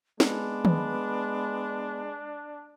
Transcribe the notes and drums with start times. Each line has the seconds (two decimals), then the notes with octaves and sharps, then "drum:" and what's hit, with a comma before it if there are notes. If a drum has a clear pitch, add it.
0.20 G#3 B3 D4, drum: snare
0.65 drum: tom D#3